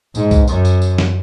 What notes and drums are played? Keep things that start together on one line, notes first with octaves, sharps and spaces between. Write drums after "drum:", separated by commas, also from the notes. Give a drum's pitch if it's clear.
G#2, drum: tambourine
drum: kick B1, tambourine
F#2, drum: tambourine
drum: tambourine
drum: tambourine
drum: snare